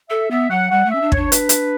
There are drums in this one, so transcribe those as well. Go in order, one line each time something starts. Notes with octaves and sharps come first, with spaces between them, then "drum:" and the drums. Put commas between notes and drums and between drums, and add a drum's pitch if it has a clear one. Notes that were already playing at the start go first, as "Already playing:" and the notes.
A4 E5
B3 E5
F#3 F#5
G3 F#5
A3
C#4 E5
D4
D4 C#5, drum: kick
B4, drum: hi-hat
drum: hi-hat